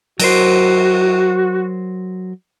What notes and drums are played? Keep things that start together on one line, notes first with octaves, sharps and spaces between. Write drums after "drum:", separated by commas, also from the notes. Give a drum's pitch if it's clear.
F#3 F#4 A#4 C5, drum: cymbal